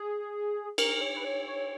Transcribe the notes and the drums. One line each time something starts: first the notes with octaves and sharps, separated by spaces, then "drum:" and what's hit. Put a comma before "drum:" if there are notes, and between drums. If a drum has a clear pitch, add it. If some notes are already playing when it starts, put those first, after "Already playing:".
Already playing: G#4
A#4, drum: cymbal
C#5
B4
C#5
C#5